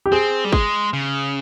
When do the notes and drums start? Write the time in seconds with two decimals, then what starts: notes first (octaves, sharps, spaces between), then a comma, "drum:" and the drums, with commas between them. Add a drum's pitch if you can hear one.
0.06 G4
0.12 C4 G#4
0.44 G3
0.52 G#3, drum: kick
0.93 C#3